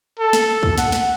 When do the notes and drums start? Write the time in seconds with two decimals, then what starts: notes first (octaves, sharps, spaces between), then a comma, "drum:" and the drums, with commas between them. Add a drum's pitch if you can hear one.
0.19 A4
0.33 drum: snare
0.63 drum: kick
0.78 F#5, drum: snare
0.92 drum: snare